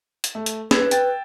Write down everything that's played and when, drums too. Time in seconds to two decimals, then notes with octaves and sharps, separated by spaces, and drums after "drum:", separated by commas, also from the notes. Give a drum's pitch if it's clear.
0.24 drum: hi-hat
0.35 A3
0.46 drum: hi-hat
0.71 B4 E6 G#6 E7, drum: snare
0.91 G5 A6, drum: hi-hat